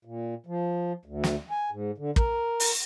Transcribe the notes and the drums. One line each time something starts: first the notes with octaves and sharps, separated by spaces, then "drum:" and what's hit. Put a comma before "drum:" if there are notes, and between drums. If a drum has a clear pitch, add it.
A#2
F3
D2
drum: snare
G#5
G#2
D3
A#4, drum: kick
drum: open hi-hat